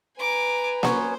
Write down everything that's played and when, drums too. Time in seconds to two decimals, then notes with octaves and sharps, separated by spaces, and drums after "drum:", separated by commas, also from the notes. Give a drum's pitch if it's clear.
0.19 B4 G#5 A#5 D6
0.83 F#3 B3 C#4 C5, drum: snare A#3